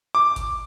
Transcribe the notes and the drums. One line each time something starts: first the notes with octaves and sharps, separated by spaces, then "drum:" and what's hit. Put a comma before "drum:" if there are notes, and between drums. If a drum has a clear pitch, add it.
D6
drum: kick G#1, hi-hat